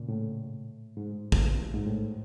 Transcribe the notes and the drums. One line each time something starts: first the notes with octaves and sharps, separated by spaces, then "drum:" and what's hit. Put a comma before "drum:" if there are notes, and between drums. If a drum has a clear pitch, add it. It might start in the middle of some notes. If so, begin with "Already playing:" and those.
Already playing: A#2 C#3
A2
G#2
drum: kick
G#2
A2